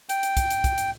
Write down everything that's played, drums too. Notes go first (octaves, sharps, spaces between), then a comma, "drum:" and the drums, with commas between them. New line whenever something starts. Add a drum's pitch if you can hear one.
G5, drum: hi-hat
drum: hi-hat
drum: kick, hi-hat
drum: hi-hat
drum: kick, hi-hat
drum: hi-hat